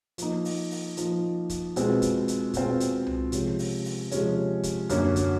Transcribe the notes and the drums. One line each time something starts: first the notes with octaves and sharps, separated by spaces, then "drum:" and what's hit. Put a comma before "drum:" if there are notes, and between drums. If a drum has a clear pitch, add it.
F3 A#3 D#4, drum: hi-hat
drum: open hi-hat
drum: open hi-hat
F3 A#3 D#4, drum: hi-hat
drum: kick, hi-hat
B2 G#3 C4 F4, drum: hi-hat
drum: kick, hi-hat
drum: hi-hat
B2 G#3 C4 F4, drum: kick, hi-hat
drum: hi-hat
drum: tom C2
C3 F3 G#3 C#4, drum: hi-hat
drum: open hi-hat
drum: open hi-hat
C3 F3 G#3 C#4, drum: hi-hat
drum: kick, hi-hat
F#2 D3 F#3 A#3 C#4, drum: hi-hat
drum: kick, hi-hat